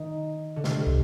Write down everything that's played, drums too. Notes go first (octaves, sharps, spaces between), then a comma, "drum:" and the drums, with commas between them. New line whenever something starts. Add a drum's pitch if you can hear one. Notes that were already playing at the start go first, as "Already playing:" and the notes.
Already playing: D#3
D3
C3, drum: snare
drum: kick